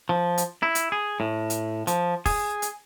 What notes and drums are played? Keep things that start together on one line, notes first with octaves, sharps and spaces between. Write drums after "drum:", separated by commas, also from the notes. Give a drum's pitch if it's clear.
F3
drum: hi-hat
E4
drum: hi-hat
G#4
A2
drum: hi-hat
F3, drum: hi-hat
G#4, drum: kick F1, open hi-hat
drum: hi-hat